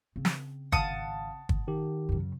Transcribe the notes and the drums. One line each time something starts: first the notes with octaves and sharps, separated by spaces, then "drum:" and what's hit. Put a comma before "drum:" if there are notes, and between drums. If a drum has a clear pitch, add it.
C#3 C4
drum: snare
G#1 F5 F#5 A5 D#6, drum: kick
drum: kick
D#3 G4
F#2 C#3